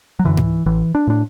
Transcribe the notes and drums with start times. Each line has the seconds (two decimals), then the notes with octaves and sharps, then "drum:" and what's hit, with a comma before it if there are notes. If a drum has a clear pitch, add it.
0.19 F#3
0.25 F#2 D3 E3
0.37 drum: tom G#2
0.66 A1 E3
0.95 D4
1.07 A2 D4